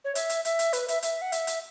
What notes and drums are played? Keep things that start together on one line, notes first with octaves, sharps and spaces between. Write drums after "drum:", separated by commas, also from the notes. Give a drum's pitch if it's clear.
C#5
E5, drum: hi-hat
drum: hi-hat
E5, drum: hi-hat
drum: hi-hat
B4, drum: hi-hat
E5, drum: hi-hat
E5, drum: hi-hat
F#5
E5, drum: hi-hat
drum: hi-hat